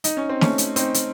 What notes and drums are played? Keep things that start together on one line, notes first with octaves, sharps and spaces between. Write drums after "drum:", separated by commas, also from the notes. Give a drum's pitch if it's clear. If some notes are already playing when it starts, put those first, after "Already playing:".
D#4, drum: hi-hat
C#4
C4
A3 C#4, drum: snare
drum: hi-hat
C4 D#4, drum: hi-hat
drum: hi-hat